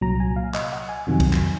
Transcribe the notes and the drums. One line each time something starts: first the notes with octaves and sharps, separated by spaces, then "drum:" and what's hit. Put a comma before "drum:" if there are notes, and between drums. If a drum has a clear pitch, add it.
C2 A#2 F#3 A#5
G#5
F5
D#5, drum: clap
F#5
G#5
F2 C3 D#3 F#3
drum: kick, cymbal
drum: clap